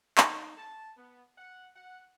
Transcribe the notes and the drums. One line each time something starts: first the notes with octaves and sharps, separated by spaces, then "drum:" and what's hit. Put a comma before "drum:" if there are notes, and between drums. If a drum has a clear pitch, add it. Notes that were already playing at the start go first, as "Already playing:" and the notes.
D#4, drum: clap
A5
B3
F#5
F#5